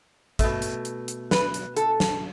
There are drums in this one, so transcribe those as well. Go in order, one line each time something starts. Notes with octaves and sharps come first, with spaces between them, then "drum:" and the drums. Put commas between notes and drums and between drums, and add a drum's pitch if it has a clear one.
B2 A3, drum: kick A1, hi-hat
drum: hi-hat
drum: hi-hat
drum: hi-hat
B4, drum: snare
drum: hi-hat
A4, drum: hi-hat
drum: snare